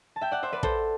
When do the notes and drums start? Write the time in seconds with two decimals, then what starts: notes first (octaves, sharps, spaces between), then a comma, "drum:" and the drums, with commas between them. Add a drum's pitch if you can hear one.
0.16 A5
0.21 E5 G5
0.32 D5 F#5
0.43 C5 E5
0.53 B4 D5
0.63 A4 C5, drum: kick